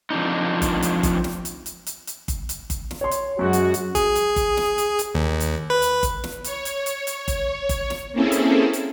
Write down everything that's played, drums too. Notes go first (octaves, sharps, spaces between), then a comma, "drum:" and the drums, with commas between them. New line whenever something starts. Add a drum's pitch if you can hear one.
F2 A#2 D4 D#4
drum: kick G1, hi-hat
drum: hi-hat
drum: kick G1, hi-hat
drum: snare
drum: hi-hat
drum: hi-hat
drum: hi-hat
drum: hi-hat
drum: kick G1, hi-hat
drum: hi-hat
drum: kick G1, hi-hat
drum: snare
C#5 C6
drum: hi-hat
F#2 G#3 F#4
drum: hi-hat
drum: hi-hat
G#4, drum: kick G1, hi-hat
drum: hi-hat
drum: kick G1, hi-hat
drum: snare
drum: hi-hat
drum: hi-hat
D#2
drum: hi-hat
B4
drum: hi-hat
drum: kick G1, hi-hat
drum: snare
C#5, drum: hi-hat
drum: hi-hat
drum: hi-hat
drum: hi-hat
drum: kick G1, hi-hat
drum: kick G1, hi-hat
drum: snare
A#3 C4 C#4 E4 G#4 A4
drum: hi-hat
drum: hi-hat